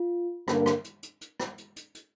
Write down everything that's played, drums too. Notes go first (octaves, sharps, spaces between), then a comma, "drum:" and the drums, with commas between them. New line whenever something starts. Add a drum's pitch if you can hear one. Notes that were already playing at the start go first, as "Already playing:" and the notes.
Already playing: F4
G2 D3 A#3 D4 A#4, drum: rim click
drum: rim click
drum: hi-hat
drum: hi-hat
drum: hi-hat
drum: rim click
drum: hi-hat
drum: hi-hat
drum: hi-hat